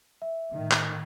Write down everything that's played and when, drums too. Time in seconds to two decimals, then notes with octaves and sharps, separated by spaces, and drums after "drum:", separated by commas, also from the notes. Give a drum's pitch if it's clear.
0.22 E5
0.53 A2 D#3
0.71 drum: clap